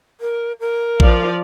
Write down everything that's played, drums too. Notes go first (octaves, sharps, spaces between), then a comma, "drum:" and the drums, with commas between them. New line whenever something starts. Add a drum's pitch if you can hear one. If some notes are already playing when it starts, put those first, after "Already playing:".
A#4
A#4
F3 D5 F5, drum: kick A1